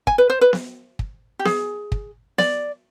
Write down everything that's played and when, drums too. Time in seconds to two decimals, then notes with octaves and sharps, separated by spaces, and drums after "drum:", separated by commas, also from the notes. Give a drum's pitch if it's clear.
0.07 G#5, drum: kick
0.18 B4
0.30 C5
0.41 B4
0.53 drum: snare B3
0.99 drum: kick
1.39 G4
1.45 G#4, drum: snare B3
1.92 drum: kick
2.38 D5, drum: snare B3